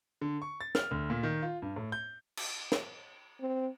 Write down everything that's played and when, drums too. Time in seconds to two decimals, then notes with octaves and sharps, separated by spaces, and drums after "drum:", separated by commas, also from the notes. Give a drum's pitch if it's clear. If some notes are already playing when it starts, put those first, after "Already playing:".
0.21 D3
0.42 C#6
0.61 A6
0.75 F6, drum: snare
0.91 D2
1.10 A#2
1.23 D#3
1.42 F4
1.62 G2
1.76 A2
1.92 G6
2.37 drum: cymbal
2.72 drum: snare
3.41 C4